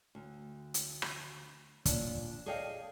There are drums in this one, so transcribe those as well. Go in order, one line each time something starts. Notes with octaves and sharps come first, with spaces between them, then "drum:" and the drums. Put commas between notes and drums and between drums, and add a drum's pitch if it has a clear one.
D2
drum: hi-hat
drum: rim click
A#2 D4, drum: kick, hi-hat
G#4 A4 D5 D#5 F5 G5